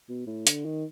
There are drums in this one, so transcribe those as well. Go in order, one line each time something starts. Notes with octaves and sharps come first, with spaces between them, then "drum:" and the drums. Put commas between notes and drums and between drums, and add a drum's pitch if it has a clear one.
B2
A2
D3, drum: hi-hat
D#3